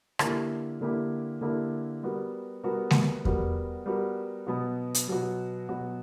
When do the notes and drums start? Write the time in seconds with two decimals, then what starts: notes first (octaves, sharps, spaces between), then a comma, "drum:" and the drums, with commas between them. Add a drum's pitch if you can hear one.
0.19 D3 A#3 E4 G4, drum: rim click
0.81 D3 A#3 E4 G4
1.41 D3 A#3 E4 G4
2.03 G3 B3 F#4 A#4
2.64 G3 B3 F#4 A#4
2.91 drum: snare G#3
3.25 G3 B3 F#4 A#4, drum: kick E2
3.86 G3 B3 F#4 A#4
4.47 B2 F#3 B3 F#4
4.94 drum: hi-hat
5.08 B2 F#3 B3 F#4
5.69 B2 F#3 B3 F#4